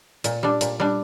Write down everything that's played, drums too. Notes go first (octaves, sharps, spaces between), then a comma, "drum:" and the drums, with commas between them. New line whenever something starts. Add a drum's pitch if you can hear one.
A#2, drum: hi-hat
G3 D4
A#2, drum: hi-hat
G3 D4